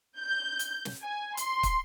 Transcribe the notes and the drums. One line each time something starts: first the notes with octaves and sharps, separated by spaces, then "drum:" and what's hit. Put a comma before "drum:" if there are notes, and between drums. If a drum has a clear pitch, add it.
G6
drum: hi-hat
drum: snare
G#5
C6, drum: hi-hat
drum: kick, hi-hat